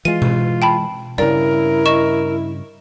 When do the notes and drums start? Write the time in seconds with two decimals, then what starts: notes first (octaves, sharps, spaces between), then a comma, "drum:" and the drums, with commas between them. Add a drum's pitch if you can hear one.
0.05 E3 G#3 F4 D#7
0.22 drum: tom B2
0.62 G5 A5 B5
1.18 G2 C#3 E4 A#4 D5
1.86 D#5 C#6 E7